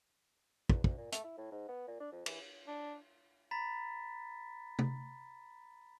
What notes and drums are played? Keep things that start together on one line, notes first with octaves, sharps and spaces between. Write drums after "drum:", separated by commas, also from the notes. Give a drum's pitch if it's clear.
E2, drum: kick
D2, drum: kick
A#2
A3, drum: hi-hat
E4
A2
G#2
B3
A#2
D4
F2
E3, drum: cymbal
D4
A#5 B5 A6 B6
drum: tom C3